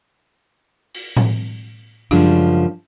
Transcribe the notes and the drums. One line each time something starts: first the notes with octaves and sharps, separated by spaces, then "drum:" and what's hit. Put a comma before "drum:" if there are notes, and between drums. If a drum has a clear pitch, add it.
drum: open hi-hat
drum: tom A2
F#2 C#3 F3 G3 G#3 D4, drum: rim click